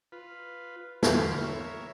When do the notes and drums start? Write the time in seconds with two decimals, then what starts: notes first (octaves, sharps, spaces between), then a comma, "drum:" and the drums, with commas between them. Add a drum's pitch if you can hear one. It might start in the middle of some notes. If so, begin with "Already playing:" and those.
0.12 F4 B4
1.03 E2 D3 F5 B5 C6, drum: snare
1.41 A#4 C#5 E5